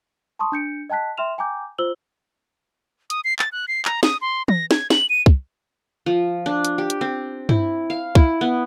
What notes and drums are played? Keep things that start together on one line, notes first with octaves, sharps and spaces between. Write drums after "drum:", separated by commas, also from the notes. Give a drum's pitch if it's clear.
A5 C6 C#6 D#6
D4 G6 C#7 D7
D#5 G5 A5 F#6 B6
E5 G5 C6 F6 E7 F7
G5 G#5 A#5 D6 G6
F4 C5 E6 F#7 G7
D#6, drum: hi-hat
C7
A6, drum: clap
F#6
C7
A#5, drum: clap
D#6, drum: snare
C6
A#6, drum: tom
G#6, drum: snare
F#7, drum: snare
D#7
drum: kick
F3
D4
drum: hi-hat
G4
drum: hi-hat
C4
E4, drum: tom G2
F5
E4, drum: kick
B3